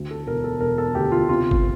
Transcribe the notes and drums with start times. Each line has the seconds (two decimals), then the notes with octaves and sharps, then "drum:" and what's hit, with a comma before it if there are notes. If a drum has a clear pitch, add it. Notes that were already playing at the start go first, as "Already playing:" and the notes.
Already playing: D2
0.11 A4
0.27 E1 A#4
0.44 A4
0.60 E1 A#4
0.78 A4
0.95 D2 G4
1.12 F4
1.29 C3 F4
1.51 drum: kick G#1